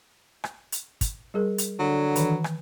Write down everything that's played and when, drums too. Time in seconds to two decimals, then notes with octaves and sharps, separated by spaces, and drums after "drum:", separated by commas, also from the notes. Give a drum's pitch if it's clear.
0.44 drum: rim click
0.72 drum: hi-hat
1.01 drum: kick, hi-hat
1.34 G3 G#4 A#4
1.58 drum: hi-hat
1.79 D3 F#3
2.16 D#3 E3, drum: hi-hat
2.44 drum: rim click